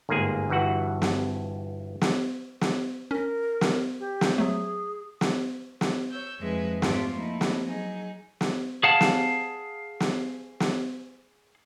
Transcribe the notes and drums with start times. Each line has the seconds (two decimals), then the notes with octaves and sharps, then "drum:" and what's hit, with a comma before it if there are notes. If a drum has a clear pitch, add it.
0.09 G1 G#2 A#3 G#4 G#5
0.50 G1 G2 E3 F#4 F#5
1.02 drum: snare
2.01 drum: snare
2.61 drum: snare
3.11 C#4 A#4
3.61 drum: snare
3.99 G4
4.21 drum: snare
4.38 F#3 A3 G#4
5.21 drum: snare
5.81 drum: snare
6.10 C#5 E6 G6
6.41 F2 G#3 D#4 G#4 B4 E5
6.82 G#2 A3 F4 D5 C#6, drum: snare
7.13 F3 A3 A#3 D#4 E4
7.41 drum: snare
7.65 F#3 D#4 G#4
8.41 drum: snare
8.83 G#4 F5 F#5 A5
9.01 drum: snare
10.00 drum: snare
10.60 drum: snare